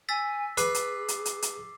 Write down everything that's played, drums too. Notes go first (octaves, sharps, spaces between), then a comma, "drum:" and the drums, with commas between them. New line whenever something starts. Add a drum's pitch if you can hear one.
G#5 E6 A6 B6
G#4 B4 D6 C7, drum: hi-hat
drum: hi-hat
drum: hi-hat
drum: hi-hat
drum: hi-hat